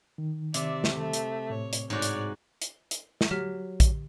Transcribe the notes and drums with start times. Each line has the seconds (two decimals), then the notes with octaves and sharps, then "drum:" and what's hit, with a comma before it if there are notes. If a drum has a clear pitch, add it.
0.18 D#3
0.54 C3 D5 E5, drum: hi-hat
0.84 drum: snare
0.96 A3
1.13 drum: hi-hat
1.50 A2 C#5
1.73 drum: hi-hat
1.90 G#2 F#4 C#5 D5
2.02 drum: hi-hat
2.62 drum: hi-hat
2.91 drum: hi-hat
3.21 drum: snare
3.31 F#3 G4 F6 B6
3.80 drum: kick A#1, hi-hat